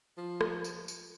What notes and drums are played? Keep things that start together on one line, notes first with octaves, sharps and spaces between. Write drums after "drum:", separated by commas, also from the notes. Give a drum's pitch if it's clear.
F3
drum: rim click
drum: tambourine
drum: tambourine